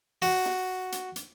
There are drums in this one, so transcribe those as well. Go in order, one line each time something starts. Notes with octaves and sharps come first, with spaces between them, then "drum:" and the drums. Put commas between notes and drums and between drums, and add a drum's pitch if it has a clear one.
F#4, drum: open hi-hat
drum: snare
drum: hi-hat
drum: hi-hat